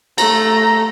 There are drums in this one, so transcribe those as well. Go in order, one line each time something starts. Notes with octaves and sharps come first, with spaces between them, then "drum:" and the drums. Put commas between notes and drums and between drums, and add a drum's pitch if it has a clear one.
A3 A#5, drum: cymbal